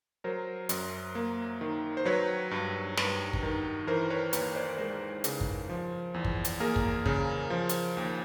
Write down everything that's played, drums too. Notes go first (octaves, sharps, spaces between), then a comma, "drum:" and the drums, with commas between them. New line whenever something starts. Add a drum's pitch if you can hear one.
F#3 A#4 C5
F#2, drum: hi-hat
A#3
D#3
C5
F#3 B4 C#5
G2
G2, drum: snare
drum: kick
D#3
E3 A#4 C5
B4 C#5
D#2 B4 C#5, drum: hi-hat
C5 D5
G#3 A#4 C5
C#3, drum: hi-hat
drum: kick
F3
E2
drum: kick
drum: hi-hat
A#3 G#4 A#4
drum: kick
C#3, drum: kick
F3
drum: hi-hat
D#2